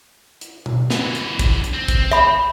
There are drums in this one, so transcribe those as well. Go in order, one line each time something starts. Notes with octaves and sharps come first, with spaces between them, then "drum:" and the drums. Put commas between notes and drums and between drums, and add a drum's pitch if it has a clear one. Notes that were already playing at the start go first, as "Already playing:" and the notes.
drum: hi-hat
drum: tom B2
D3 E3, drum: snare
drum: hi-hat
drum: kick, hi-hat
drum: hi-hat
C4
drum: kick, hi-hat
E5 B5, drum: hi-hat